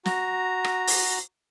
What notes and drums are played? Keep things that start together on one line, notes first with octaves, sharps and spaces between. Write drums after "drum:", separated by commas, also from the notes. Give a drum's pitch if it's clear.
F#4 A#5, drum: snare
drum: rim click
drum: open hi-hat